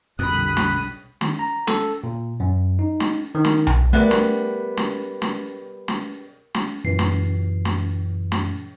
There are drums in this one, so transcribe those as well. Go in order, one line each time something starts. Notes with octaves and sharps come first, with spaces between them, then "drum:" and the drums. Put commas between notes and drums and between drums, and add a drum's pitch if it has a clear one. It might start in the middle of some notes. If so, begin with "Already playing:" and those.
B1 F2 A#2 D3 G3 B5 D#6 F#6
drum: snare
D#3, drum: snare
A#5
A4, drum: snare
A#2
F#2
D#4
drum: snare
D#3
drum: snare
drum: tom B1
G3 A3 B3 A#4 E5 F#6
drum: snare
drum: snare
drum: snare
drum: snare
drum: snare
F#2 A#2 E3 C7
drum: snare
drum: snare
drum: snare